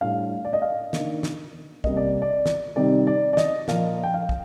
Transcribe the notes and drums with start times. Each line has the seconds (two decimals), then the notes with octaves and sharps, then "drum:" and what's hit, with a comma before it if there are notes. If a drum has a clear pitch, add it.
0.01 A2 G3 D4 F5
0.45 D5
0.53 D#5
0.62 F5
0.93 D#3 A#3 D4, drum: snare
1.23 drum: snare
1.84 C3 G3 A#3 D#5, drum: kick
1.97 D5
2.22 D5
2.46 drum: snare
2.76 C3 D#3 G3 C4 D#4 D5
3.07 D5
3.33 D5
3.37 D#5, drum: snare
3.68 A#2 F3 A#3 F5, drum: snare
4.03 G5
4.14 F5
4.29 drum: kick